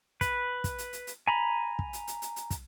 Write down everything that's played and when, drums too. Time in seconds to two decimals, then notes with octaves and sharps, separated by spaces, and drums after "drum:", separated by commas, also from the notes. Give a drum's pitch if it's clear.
0.21 B4, drum: kick, hi-hat
0.64 drum: kick, hi-hat
0.78 drum: hi-hat
0.93 drum: hi-hat
1.07 drum: hi-hat
1.27 G#5 A#5 B5
1.79 drum: kick
1.93 drum: hi-hat
2.07 drum: hi-hat
2.22 drum: hi-hat
2.36 drum: hi-hat
2.50 drum: kick, hi-hat